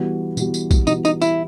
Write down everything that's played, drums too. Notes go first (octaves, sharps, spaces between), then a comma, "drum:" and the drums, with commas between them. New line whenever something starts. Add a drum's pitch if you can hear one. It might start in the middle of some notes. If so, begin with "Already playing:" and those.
Already playing: E3 G3 B3 F#4
E3 G3 B3 F#4, drum: tambourine
drum: tambourine
drum: kick, tambourine
E3 G3 B3 D#4 F#4, drum: tambourine
D#4, drum: tambourine
E4, drum: tambourine